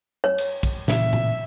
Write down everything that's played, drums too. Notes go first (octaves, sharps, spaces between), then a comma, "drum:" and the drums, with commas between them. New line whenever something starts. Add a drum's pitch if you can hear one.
C#5
drum: cymbal
drum: kick, cymbal
A#2 C#3 E3 E5, drum: snare
drum: tom A2